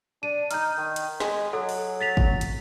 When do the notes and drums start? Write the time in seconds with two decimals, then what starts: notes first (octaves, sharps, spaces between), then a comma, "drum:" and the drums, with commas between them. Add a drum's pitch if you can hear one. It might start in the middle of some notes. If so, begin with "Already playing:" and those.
0.23 D4 D#7
0.51 D#4 F6 G6, drum: hi-hat
0.78 D#3
0.96 drum: hi-hat
1.20 G#3, drum: snare
1.53 F#3 A4
1.69 drum: open hi-hat
2.01 A6 B6 F7
2.17 drum: kick
2.41 drum: hi-hat